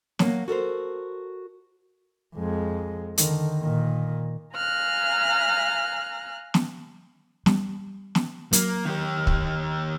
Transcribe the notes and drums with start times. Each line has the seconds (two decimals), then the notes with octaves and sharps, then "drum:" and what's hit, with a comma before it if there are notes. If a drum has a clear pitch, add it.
0.19 F#3 A#3, drum: snare
0.48 F#4 A4 A#4 C5
2.36 F2 G#3
3.18 D3 D#3, drum: hi-hat
3.62 A#2 D#3
4.55 F5 G#5 A#5 F6 F#6
6.54 drum: snare
7.46 G3, drum: snare
8.15 drum: snare
8.53 F#3 A#3, drum: hi-hat
8.85 D#3 G4
9.27 drum: kick